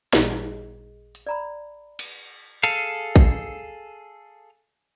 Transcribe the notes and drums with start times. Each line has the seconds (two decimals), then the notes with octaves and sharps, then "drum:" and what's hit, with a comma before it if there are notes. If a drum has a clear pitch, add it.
0.13 A1 A#2 G3 G#4 D#5, drum: snare D#4
1.15 drum: hi-hat
1.27 D5 A#5 B5
1.99 drum: cymbal
2.63 G#4 A4 F5
3.16 drum: kick